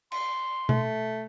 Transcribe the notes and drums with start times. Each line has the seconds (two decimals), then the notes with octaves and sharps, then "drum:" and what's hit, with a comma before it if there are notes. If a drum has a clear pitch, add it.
0.12 C6, drum: cymbal
0.69 A3, drum: tom B2